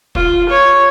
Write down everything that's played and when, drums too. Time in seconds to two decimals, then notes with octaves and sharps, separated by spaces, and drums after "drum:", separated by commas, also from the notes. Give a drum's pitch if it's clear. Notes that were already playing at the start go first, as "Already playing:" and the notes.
0.15 F4, drum: kick
0.49 C#5